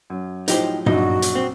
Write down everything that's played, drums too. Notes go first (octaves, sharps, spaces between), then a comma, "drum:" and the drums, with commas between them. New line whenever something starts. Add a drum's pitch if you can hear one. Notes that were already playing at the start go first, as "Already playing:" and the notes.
F#2
A2 F3 F#3 D#4 G4 C5, drum: hi-hat
A#1 F#2 D4 D#4 F#4, drum: tom G2
drum: hi-hat
C4